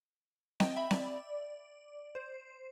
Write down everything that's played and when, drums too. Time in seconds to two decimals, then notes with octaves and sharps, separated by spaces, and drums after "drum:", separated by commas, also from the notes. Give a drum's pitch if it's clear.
0.60 D#5 G5, drum: snare C4
0.76 E5 B5
0.91 D5, drum: snare C4
2.15 C5